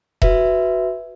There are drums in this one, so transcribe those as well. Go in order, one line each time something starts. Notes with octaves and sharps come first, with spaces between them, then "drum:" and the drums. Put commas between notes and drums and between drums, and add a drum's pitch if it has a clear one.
F#4 B4 E5, drum: kick E1